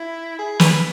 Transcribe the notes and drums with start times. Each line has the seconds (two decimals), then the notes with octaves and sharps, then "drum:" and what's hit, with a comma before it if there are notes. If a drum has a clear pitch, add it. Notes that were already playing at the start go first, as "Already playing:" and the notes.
Already playing: E4
0.39 G#4
0.60 B4, drum: snare